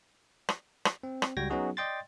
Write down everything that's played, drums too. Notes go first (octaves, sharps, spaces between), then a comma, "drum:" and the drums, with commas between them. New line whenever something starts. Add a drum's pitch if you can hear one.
drum: rim click
drum: rim click
C4
drum: rim click
C#2 G3 F#4 G5 G#6 A#6
F#3 B3 C#4 D#4 F#4 G#4
D5 D#5 G5 C6 A6